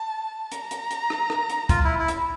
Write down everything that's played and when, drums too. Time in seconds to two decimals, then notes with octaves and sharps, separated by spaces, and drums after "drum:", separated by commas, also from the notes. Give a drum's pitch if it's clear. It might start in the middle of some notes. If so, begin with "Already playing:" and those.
Already playing: A5
0.52 A#5, drum: hi-hat
0.71 drum: hi-hat
0.91 drum: hi-hat
1.10 drum: rim click
1.30 drum: rim click
1.50 drum: hi-hat
1.69 F4, drum: kick, hi-hat
1.84 E4
1.99 E4
2.08 drum: hi-hat